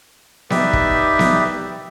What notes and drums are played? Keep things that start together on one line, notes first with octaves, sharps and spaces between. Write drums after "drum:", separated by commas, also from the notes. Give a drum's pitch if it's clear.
D#4 G4 B4 D5 E5, drum: snare B3
drum: kick
drum: snare B3